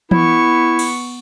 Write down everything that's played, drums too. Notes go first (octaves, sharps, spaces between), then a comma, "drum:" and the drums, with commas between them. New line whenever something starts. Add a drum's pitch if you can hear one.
B3 E4 C#6, drum: tom E3
drum: cymbal